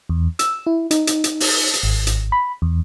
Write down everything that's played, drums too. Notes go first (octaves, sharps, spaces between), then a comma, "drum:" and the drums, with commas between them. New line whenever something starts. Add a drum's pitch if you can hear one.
E2
E6, drum: hi-hat
E4
D#4, drum: hi-hat
drum: hi-hat
drum: hi-hat
drum: open hi-hat
drum: hi-hat
G#1
drum: hi-hat
B5
E2